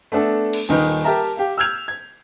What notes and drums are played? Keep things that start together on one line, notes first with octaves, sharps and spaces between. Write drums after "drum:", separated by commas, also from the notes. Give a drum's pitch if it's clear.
A3 B3 D4 A4
drum: cymbal
D#1 D#3 D#4 B4
G4 A#4 E5 A5 A#5
G4 F5
E6 F6 G6 G#6 F7
G#6